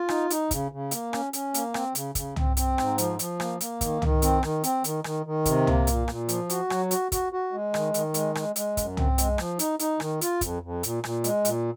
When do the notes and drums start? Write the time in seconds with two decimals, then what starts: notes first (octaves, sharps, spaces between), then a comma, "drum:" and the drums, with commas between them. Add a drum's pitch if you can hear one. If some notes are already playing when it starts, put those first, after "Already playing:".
Already playing: F4
0.09 D#4, drum: rim click
0.30 D#4, drum: hi-hat
0.51 C#3, drum: kick, hi-hat
0.72 C#3
0.91 A#3, drum: hi-hat
1.13 C#4, drum: rim click
1.33 C#4, drum: hi-hat
1.54 A#3, drum: hi-hat
1.74 C4, drum: rim click
1.95 C#3, drum: hi-hat
2.15 C#3, drum: kick, hi-hat
2.36 C4, drum: tom
2.57 C4, drum: hi-hat
2.78 G#2, drum: rim click
2.98 F3, drum: hi-hat
3.19 F3, drum: hi-hat
3.40 A#3, drum: rim click
3.61 A#3, drum: hi-hat
3.81 D#3, drum: kick, hi-hat
4.02 D#3, drum: tom
4.22 C4, drum: hi-hat
4.43 D#3, drum: rim click
4.64 C4, drum: hi-hat
4.84 D#3, drum: hi-hat
5.04 D#3, drum: rim click
5.26 D#3
5.45 C3, drum: kick, hi-hat
5.67 A#3, drum: tom
5.87 A#2, drum: hi-hat
6.08 A#2, drum: rim click
6.29 F3, drum: hi-hat
6.50 F#4, drum: hi-hat
6.70 F#3, drum: rim click
6.91 F#4, drum: hi-hat
7.12 F#4, drum: kick, hi-hat
7.33 F#4
7.52 G#3
7.74 D#3, drum: rim click
7.94 D#3, drum: hi-hat
8.14 G#3, drum: hi-hat
8.35 G#3, drum: rim click
8.56 G#3, drum: hi-hat
8.77 F#2, drum: kick, hi-hat
8.97 C4, drum: tom
9.18 G#3, drum: hi-hat
9.38 F3, drum: rim click
9.59 D#4, drum: hi-hat
9.79 D#4, drum: hi-hat
10.00 D#3, drum: rim click
10.21 F4, drum: hi-hat
10.41 F2, drum: kick, hi-hat
10.62 F2
10.83 A#2, drum: hi-hat
11.04 A#2, drum: rim click
11.24 G#3, drum: hi-hat
11.45 A#2, drum: hi-hat